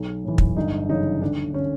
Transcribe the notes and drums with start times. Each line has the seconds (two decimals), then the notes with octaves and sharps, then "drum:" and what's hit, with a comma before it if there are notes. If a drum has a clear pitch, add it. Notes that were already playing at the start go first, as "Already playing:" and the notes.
Already playing: B1
0.24 A2 E3
0.38 drum: kick
0.56 G1 D#4
0.89 F#2 C#3 E3 D#4
1.22 D2 D4
1.54 D3 C#4